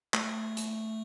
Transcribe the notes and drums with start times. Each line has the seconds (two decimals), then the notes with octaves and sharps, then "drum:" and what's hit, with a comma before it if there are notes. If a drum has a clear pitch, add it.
0.14 A3, drum: clap
0.57 drum: hi-hat